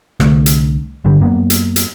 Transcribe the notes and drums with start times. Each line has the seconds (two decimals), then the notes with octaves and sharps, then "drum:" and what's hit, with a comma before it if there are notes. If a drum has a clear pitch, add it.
0.20 C2 D3 A3, drum: rim click
0.46 drum: hi-hat
1.04 G1 G2 D3 G3
1.20 F#2 A#3 B3
1.50 drum: hi-hat
1.76 drum: hi-hat